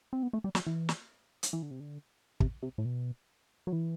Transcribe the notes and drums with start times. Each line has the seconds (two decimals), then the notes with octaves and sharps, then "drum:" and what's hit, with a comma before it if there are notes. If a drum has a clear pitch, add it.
0.13 C4
0.23 B3
0.33 A3
0.44 G3
0.55 F#3, drum: snare
0.67 E3
0.89 drum: snare
1.43 drum: hi-hat
1.53 E3
1.62 D3
1.71 C3
1.80 D3
2.40 C3, drum: kick
2.62 C3
2.78 A2
2.85 B2
3.67 F#3
3.72 E3